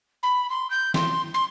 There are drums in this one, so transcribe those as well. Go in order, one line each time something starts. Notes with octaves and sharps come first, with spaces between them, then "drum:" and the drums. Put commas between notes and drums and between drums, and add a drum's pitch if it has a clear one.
B5
C6
G6
C6, drum: snare
C6